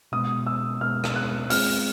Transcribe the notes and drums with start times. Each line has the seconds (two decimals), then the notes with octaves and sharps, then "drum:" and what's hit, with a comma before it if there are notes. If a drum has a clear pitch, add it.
0.12 B2 G#3 B3 D#6
0.47 E6
0.81 B2 G#3 B3 F6
1.04 drum: rim click
1.16 F#6
1.50 G#3 C4 F4 G#4 F6, drum: open hi-hat